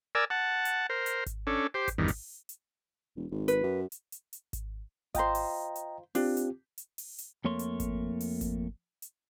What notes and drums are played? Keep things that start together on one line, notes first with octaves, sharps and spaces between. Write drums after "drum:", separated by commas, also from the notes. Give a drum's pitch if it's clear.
A#4 D5 G#5 E6
F#5 A5
drum: hi-hat
A#4 C5
drum: hi-hat
drum: kick G#1, hi-hat
C#4 D4 A4
G4 C5
drum: kick G#1, hi-hat
E2 G2 D#3
drum: open hi-hat
drum: hi-hat
E1
G#1
B4, drum: hi-hat
F#2
drum: hi-hat
drum: hi-hat
drum: hi-hat
drum: kick G#1, hi-hat
F4 C5 D#5 G5 A#5, drum: kick G#1, hi-hat
drum: open hi-hat
drum: hi-hat
C4 D4 F4 G4, drum: open hi-hat
drum: hi-hat
drum: hi-hat
drum: open hi-hat
drum: hi-hat
F2 A3 A#3 C#5 C6
drum: hi-hat
drum: kick G#1, hi-hat
drum: open hi-hat
drum: kick G#1, hi-hat
drum: hi-hat